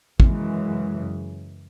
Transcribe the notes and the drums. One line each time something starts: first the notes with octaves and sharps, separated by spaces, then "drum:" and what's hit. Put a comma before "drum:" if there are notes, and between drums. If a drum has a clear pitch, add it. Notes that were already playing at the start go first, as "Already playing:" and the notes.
F#2 C#3 E3 G#3, drum: kick